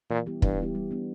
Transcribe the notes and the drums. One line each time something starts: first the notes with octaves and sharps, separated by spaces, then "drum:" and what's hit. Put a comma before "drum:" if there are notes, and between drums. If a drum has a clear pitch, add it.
A#2 E3
G3 B3 E4 G4
G2 E3, drum: kick
G3 B3 E4 G4
G3
B3 D4